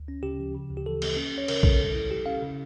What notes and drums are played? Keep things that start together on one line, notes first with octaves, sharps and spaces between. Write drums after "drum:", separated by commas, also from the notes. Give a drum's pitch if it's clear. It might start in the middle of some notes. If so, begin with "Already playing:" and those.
Already playing: D2
C#4
C#3 G4
F3
C#3
D2
G4
E3 A4
A#3, drum: cymbal
C#4
C#4 C#5
C#3 A#4, drum: cymbal
C#3 A4, drum: kick A#1
G3 A4
E4
E4 G4
C#4 F5
C#3